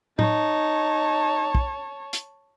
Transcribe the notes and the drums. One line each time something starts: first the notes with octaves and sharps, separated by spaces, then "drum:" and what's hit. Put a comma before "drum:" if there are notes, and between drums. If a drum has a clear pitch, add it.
D#4 C#5 A5, drum: tom A2
drum: kick
drum: hi-hat